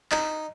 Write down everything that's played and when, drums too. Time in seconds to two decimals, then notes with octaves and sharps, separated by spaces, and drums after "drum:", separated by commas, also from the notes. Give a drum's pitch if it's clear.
0.12 D#4, drum: clap